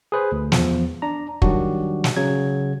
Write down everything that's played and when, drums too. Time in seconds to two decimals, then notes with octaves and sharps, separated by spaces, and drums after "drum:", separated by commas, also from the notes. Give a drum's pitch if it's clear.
0.12 G#4 B4 C5
0.32 D2
0.52 E2 F3, drum: snare
1.02 D4 A#5
1.42 D#3 F#3 G3 D4 F#4, drum: kick
2.04 drum: snare
2.16 C#3 F#3 G#6